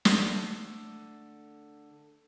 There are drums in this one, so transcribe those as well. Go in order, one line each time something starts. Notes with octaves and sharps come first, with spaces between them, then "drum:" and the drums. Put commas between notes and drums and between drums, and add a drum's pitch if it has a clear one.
D3 A3, drum: snare